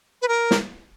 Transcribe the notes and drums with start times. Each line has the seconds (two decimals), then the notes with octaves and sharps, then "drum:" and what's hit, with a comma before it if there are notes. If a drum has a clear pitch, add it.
0.22 B4
0.28 A#4
0.51 drum: snare